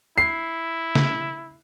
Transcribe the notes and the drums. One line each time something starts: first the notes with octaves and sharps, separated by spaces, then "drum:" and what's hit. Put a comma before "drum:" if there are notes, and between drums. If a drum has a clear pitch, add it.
E4 C7
drum: snare